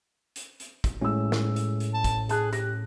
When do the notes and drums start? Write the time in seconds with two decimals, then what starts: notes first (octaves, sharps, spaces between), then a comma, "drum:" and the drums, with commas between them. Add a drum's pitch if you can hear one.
0.36 drum: hi-hat
0.60 drum: hi-hat
0.84 drum: kick, hi-hat
1.01 A2 G#3 A3 C#4 E6
1.32 drum: snare
1.56 drum: hi-hat
1.80 drum: hi-hat
1.94 A5
2.04 drum: kick, hi-hat
2.29 G#4 A5 F#6, drum: hi-hat
2.53 G4 A#6, drum: hi-hat